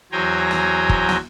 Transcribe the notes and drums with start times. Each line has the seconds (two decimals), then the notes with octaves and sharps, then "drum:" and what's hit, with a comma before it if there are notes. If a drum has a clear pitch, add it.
0.12 E2 F#3 C5 G5 G#5 A#5
0.51 drum: snare
0.89 drum: kick
1.09 drum: snare